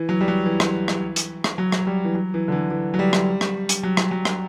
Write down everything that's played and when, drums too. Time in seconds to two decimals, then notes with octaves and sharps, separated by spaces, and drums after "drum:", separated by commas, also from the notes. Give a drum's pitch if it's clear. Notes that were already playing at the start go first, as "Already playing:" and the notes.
Already playing: E3
0.09 F#3
0.21 G3
0.28 F#3
0.46 E3
0.60 drum: rim click
0.88 drum: rim click
1.16 drum: hi-hat
1.44 drum: rim click
1.58 F#3
1.72 drum: rim click
1.87 G3
2.05 E3
2.15 F#3
2.34 E3
2.48 D3
2.52 E3
2.71 E3
2.94 F#3
2.99 G3
3.13 drum: rim click
3.41 drum: rim click
3.69 drum: hi-hat
3.83 F#3
3.97 drum: rim click
4.11 F#3
4.25 drum: rim click